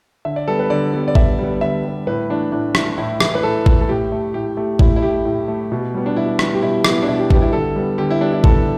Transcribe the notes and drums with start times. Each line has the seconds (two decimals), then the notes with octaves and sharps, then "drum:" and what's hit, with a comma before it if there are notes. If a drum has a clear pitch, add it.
0.25 D3 E5
0.36 D5
0.48 G3 B3 A4
0.59 B4
0.70 D3 D5
0.93 G3 B3
1.08 D5
1.15 D3 E5, drum: kick G#1
1.39 G3 B3
1.61 D3 E5
1.84 G3 B3
2.07 A2 B4
2.30 E3 A3 D4
2.52 A2 D4
2.75 E3 A3, drum: rim click
2.98 A2 E4
3.20 E3 A3, drum: rim click
3.35 B4
3.43 A2 A4
3.66 E3 A3, drum: kick G#1
3.81 A4
3.89 A2 G4
4.12 A3
4.34 A2 G4
4.57 A3 G4
4.79 A2 E4, drum: kick G#1
4.96 E4
5.02 A3 G4
5.25 A2
5.48 A3
5.72 B2
5.94 G3 B3
6.06 D4
6.16 B2 E4
6.39 G3 B3, drum: rim click
6.54 G4
6.62 B2 E4
6.84 G3 B3 E4, drum: rim click
7.02 D4
7.08 B2 E4
7.19 G4
7.30 G3 B3 G4, drum: kick G#1
7.41 E4
7.53 D3 A4
7.76 G3 B3
7.98 D3 G4
8.11 E4
8.21 G3 B3 D4
8.32 E4
8.44 D3 A4, drum: kick G#1